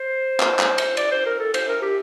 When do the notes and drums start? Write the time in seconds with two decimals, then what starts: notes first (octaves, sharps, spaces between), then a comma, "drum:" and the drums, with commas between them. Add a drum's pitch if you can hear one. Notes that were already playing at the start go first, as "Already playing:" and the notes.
Already playing: C5
0.40 drum: clap
0.59 drum: clap
0.78 drum: cymbal
0.97 D5, drum: cymbal
1.11 C5
1.26 A#4
1.39 A4
1.54 C5, drum: cymbal
1.68 A#4
1.82 G4